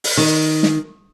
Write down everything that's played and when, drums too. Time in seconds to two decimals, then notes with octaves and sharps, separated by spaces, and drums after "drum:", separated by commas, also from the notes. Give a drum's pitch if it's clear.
0.04 drum: open hi-hat
0.17 D#3
0.63 drum: snare